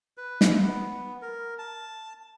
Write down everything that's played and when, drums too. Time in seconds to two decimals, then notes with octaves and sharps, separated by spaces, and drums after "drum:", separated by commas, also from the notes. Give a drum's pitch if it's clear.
0.17 B4
0.41 drum: snare
0.62 B3
1.22 A#4
1.59 A5